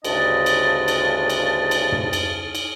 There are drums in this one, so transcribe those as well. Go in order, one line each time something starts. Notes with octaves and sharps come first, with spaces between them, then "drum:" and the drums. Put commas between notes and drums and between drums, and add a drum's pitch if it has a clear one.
D2 G2 C#3 D4 D#5 A5, drum: cymbal
drum: cymbal
drum: cymbal
drum: cymbal
drum: cymbal
drum: tom
drum: cymbal
drum: cymbal